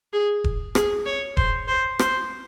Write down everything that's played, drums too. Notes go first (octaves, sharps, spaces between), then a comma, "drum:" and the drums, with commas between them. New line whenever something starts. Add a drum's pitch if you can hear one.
G#4
drum: kick E1
G#4, drum: rim click
C#5
C5, drum: kick E1
C5
C5, drum: rim click